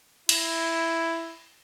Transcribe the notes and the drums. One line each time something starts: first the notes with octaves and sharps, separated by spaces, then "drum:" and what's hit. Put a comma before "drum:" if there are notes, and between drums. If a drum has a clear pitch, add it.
E4, drum: cymbal